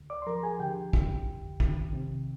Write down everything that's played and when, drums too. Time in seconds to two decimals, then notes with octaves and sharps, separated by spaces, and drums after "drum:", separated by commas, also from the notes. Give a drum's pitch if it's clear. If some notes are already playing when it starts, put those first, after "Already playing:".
Already playing: D2
0.10 D5 D6
0.22 C6
0.26 F3 A#4 A#5
0.43 G#4 G#5
0.59 D3 G4 G5
0.93 D2, drum: kick
1.26 F2
1.60 D#3, drum: kick
1.93 C3